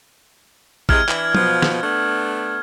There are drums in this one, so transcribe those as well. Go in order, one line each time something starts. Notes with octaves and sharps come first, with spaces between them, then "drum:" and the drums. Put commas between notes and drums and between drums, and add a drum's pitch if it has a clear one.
C3 G#3 E4 F6 G#6, drum: kick
E3 D4 E4, drum: clap
B2 F3, drum: tom
drum: snare
A3 B3 D4